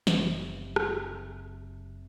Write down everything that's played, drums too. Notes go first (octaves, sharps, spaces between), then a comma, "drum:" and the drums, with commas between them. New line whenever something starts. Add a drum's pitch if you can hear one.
F#1 C3, drum: snare
drum: rim click